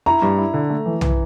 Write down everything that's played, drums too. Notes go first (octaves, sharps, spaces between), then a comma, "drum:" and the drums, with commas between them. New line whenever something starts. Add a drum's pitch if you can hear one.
E4 A#5
G2
E4
D3
A3
E3
E3, drum: tom B1